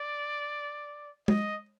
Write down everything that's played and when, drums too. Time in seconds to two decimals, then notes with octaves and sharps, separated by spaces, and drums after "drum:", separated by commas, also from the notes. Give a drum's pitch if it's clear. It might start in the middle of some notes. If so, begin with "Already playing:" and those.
Already playing: D5
1.28 D#5, drum: tom